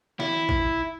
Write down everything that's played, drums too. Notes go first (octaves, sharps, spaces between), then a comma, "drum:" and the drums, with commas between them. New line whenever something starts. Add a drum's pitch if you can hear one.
E4, drum: snare E3
drum: kick